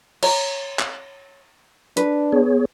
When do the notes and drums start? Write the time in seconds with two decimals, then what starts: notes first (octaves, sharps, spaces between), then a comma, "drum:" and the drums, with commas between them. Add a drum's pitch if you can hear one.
0.23 C#5 A#5, drum: cymbal
0.79 drum: clap
1.97 D4 B4, drum: hi-hat
2.33 B3 G#4 C#5